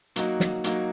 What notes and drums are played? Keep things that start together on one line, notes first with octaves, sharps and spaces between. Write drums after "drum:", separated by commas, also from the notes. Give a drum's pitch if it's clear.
F#3 A#3 D#4 F#4, drum: hi-hat
drum: snare
F#3 A#3 D#4 F#4, drum: hi-hat